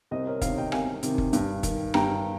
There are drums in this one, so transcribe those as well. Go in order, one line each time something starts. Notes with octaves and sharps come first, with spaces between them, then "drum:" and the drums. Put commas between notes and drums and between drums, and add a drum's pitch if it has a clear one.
C2 C5 D#5
A#4 C#5
C3 D#3 C#5 F5, drum: kick F#1, hi-hat
D#5 G5
C2 F5 G#5, drum: rim click
C3 D#3, drum: hi-hat
drum: kick F#1
G2, drum: hi-hat
D#3, drum: kick F#1, hi-hat
G2 G5 A#5, drum: rim click